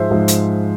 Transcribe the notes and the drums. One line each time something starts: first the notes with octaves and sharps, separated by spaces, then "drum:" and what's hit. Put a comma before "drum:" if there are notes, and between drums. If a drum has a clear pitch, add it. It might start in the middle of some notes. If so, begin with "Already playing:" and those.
Already playing: G#2 F3 G#3 C5 E5
G#2 F3 G#3
drum: hi-hat